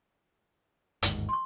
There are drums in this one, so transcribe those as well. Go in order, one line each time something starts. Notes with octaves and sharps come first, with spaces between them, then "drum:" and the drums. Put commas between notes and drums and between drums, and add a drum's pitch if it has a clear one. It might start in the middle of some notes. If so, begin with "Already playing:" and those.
G1 D#2 G#2, drum: hi-hat
C6 C#6